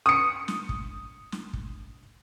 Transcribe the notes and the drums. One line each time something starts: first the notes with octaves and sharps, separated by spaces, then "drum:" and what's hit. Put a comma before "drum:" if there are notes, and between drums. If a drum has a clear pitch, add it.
D#6 C#7
drum: snare
drum: kick
drum: snare
drum: kick